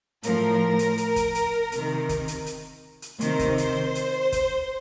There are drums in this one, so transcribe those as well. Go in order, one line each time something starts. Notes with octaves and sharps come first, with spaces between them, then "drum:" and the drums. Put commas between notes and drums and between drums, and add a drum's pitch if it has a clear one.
A2 F3 A#4, drum: hi-hat
drum: hi-hat
drum: hi-hat
drum: kick, hi-hat
drum: hi-hat
C3 D#3, drum: hi-hat
drum: kick, hi-hat
drum: hi-hat
drum: hi-hat
drum: hi-hat
C3 D#3 C5, drum: hi-hat
drum: kick, hi-hat
C5, drum: hi-hat
drum: hi-hat
drum: kick, hi-hat